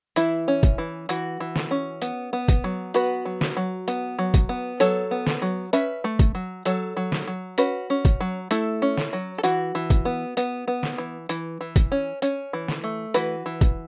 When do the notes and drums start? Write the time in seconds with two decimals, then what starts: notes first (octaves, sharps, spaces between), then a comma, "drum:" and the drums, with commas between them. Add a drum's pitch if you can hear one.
0.16 E3 E4, drum: hi-hat
0.48 C#4
0.63 drum: kick, hi-hat
0.78 E3
1.09 E3 F#4, drum: hi-hat
1.40 E3
1.56 drum: snare
1.71 C#4
2.02 B3, drum: hi-hat
2.33 B3
2.48 drum: kick, hi-hat
2.64 F#3
2.94 B3 F#4 B4, drum: hi-hat
3.25 F#3
3.41 drum: snare
3.57 F#3
3.88 B3, drum: hi-hat
4.19 F#3
4.34 drum: kick, hi-hat
4.49 B3
4.80 F#3 A4 C#5, drum: hi-hat
5.11 B3
5.27 drum: snare
5.42 F#3
5.73 C#4 B4 E5, drum: hi-hat
6.04 A3
6.19 drum: kick, hi-hat
6.35 F#3
6.65 F#3 A4 C#5, drum: hi-hat
6.97 F#3
7.12 drum: snare
7.27 F#3
7.58 C#4 F#4 B4, drum: hi-hat
7.90 C#4
8.05 drum: kick, hi-hat
8.20 F#3
8.51 A3 E4 A4, drum: hi-hat
8.82 C#4
8.98 drum: snare
9.13 F#3
9.38 A4
9.43 E3 F#4, drum: hi-hat
9.75 E3
9.90 drum: kick, hi-hat
10.05 B3
10.37 B3, drum: hi-hat
10.68 B3
10.83 drum: snare
10.98 E3
11.29 E3, drum: hi-hat
11.61 E3
11.76 drum: kick, hi-hat
11.92 C#4
12.22 C#4, drum: hi-hat
12.53 E3
12.68 drum: snare
12.84 A3
13.14 E3 F#4 B4, drum: hi-hat
13.46 E3
13.61 drum: kick, hi-hat